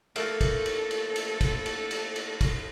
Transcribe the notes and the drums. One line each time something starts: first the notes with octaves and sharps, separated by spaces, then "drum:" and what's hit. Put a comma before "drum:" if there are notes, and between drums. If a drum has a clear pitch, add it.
A3 A#3 A4, drum: cymbal
drum: kick, cymbal
drum: cymbal
drum: cymbal
drum: cymbal
drum: kick, cymbal
drum: cymbal
drum: cymbal
drum: cymbal
drum: kick, cymbal